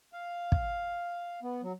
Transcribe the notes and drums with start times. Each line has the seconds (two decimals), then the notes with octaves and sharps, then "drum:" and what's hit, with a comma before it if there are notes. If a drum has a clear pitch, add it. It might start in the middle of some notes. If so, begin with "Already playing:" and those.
0.13 F5
0.52 drum: kick
1.43 B3
1.63 F#3